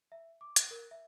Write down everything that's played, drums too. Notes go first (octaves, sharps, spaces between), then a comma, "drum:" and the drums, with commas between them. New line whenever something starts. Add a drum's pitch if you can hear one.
E5
D6
F#6, drum: hi-hat
A#4
E5